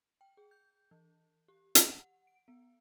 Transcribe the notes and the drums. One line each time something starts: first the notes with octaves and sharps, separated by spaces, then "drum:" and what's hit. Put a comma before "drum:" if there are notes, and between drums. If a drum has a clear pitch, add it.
G5
G#4
G6
E3
G4
drum: hi-hat
F#5
D7
B3